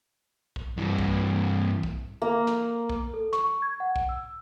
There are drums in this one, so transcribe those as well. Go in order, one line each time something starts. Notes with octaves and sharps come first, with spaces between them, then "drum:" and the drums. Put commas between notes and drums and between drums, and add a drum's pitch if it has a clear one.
drum: kick B1
G2 E3
drum: kick B1
drum: kick B1
A#3 A#5
drum: snare
drum: kick B1
A4
C#6, drum: snare
G#6
F#5
drum: kick B1
E6